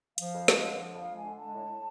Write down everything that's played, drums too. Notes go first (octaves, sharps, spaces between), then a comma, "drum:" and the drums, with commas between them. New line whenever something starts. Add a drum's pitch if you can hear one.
F3 F5, drum: hi-hat
F2
G#3, drum: snare
D3
F3
F2 F5
G#3
D3 G#5
G#3 A5
A2
A2